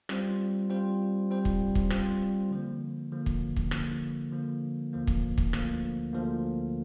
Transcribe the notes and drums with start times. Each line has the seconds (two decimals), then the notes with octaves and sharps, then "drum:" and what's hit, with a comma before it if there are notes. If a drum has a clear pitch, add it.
0.09 G3 C4 F4 C5, drum: rim click
0.70 G3 C4 F4 C5
1.30 G3 C4 F4 C5
1.45 drum: kick
1.75 drum: kick
1.90 G3 C4 F4 C5, drum: rim click
2.51 D3 F3 A#3
3.12 D3 F3 A#3
3.26 drum: kick
3.56 drum: kick
3.71 D3 F3 A#3, drum: rim click
4.32 D3 F3 A#3
4.93 D2 D3 F3 A#3
5.07 drum: kick
5.38 drum: kick
5.53 D2 D3 F3 A#3, drum: rim click
6.13 D2 D3 F3 A#3